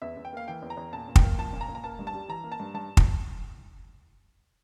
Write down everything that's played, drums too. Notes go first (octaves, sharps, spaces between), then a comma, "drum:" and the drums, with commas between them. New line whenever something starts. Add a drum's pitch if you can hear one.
E2 E5
E2
G5
A#3 F5
E3 G5
E2
A#5
E2
A#2 A5
A#2
G5, drum: kick
A#3
F3 A5
A#2
A#5
A#2
A#5
A#3 A5
G2
A5
G3
E3 A#5
A#3
A5
G2
G2 A5
drum: kick